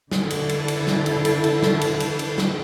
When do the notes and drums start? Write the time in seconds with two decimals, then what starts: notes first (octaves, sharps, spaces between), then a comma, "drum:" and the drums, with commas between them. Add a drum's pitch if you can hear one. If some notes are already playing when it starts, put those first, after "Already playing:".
0.12 D3 E4 A4, drum: snare
0.30 drum: cymbal
0.49 drum: cymbal
0.68 drum: cymbal
0.87 drum: snare
1.06 drum: cymbal
1.25 drum: cymbal
1.44 drum: cymbal
1.62 drum: snare
1.81 drum: cymbal
2.00 drum: cymbal
2.19 drum: cymbal
2.38 drum: snare